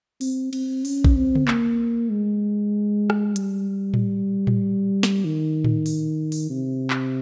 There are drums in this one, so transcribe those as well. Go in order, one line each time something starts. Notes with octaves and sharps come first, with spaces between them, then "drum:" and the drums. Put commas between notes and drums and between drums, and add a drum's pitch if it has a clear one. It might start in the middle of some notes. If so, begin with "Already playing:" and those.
C4, drum: open hi-hat
C4, drum: cymbal
C#4, drum: open hi-hat
drum: kick A#1
C4
drum: tom C#3
A#3, drum: clap
G#3
drum: rim click
G3, drum: hi-hat
drum: tom A2
drum: tom A2
drum: snare
D#3
drum: tom A2
drum: open hi-hat
drum: open hi-hat
C3
drum: clap